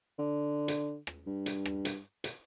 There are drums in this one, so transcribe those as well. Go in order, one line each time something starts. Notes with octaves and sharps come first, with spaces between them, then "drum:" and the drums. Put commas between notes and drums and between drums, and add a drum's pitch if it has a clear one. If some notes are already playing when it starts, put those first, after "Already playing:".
D3
drum: hi-hat
drum: rim click
G2
drum: hi-hat
drum: rim click
drum: hi-hat
drum: hi-hat